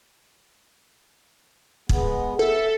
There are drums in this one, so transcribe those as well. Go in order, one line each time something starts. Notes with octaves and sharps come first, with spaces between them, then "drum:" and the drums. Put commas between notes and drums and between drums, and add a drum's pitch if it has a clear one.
G#3 B3, drum: kick
A4 E5